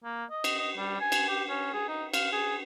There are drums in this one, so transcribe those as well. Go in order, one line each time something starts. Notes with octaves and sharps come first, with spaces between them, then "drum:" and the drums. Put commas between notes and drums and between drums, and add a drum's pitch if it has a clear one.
A#3
D#5
drum: cymbal
D#5
G3
G#5
drum: cymbal
G4
C#4
G#4
D#4
F5, drum: cymbal
G#4